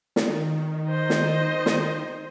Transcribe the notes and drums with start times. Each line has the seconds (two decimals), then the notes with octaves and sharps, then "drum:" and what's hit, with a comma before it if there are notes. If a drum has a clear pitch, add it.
0.16 D#3, drum: snare
0.89 C5 D#5
1.10 drum: snare
1.66 drum: snare